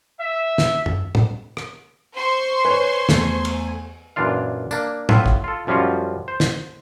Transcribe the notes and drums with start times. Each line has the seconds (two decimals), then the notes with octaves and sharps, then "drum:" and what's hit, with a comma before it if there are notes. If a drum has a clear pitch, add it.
0.20 E5
0.58 drum: snare
0.86 drum: tom
1.15 drum: tom
1.57 drum: rim click
2.16 C5 C6 C#6
2.65 B4 C#5 G#5
3.09 E2 A3, drum: snare
3.45 drum: cymbal
4.16 F#2 A#2 E3 D4 F4 F5
4.71 A#3 D4, drum: tambourine
5.09 A2 F4 E5 F#5 G#5, drum: tom
5.26 drum: kick
5.44 F4 A4
5.67 F#2 F3 G3 C#4 F4 F#4
6.28 C5
6.40 drum: snare